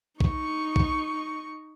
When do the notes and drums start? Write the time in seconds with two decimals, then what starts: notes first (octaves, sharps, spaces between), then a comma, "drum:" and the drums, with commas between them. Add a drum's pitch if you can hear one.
0.20 D#4 C#6, drum: kick
0.76 drum: kick